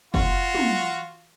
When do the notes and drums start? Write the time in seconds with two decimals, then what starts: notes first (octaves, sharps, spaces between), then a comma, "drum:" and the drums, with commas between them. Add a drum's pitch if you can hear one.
0.14 F4 F#4, drum: kick
0.55 drum: tom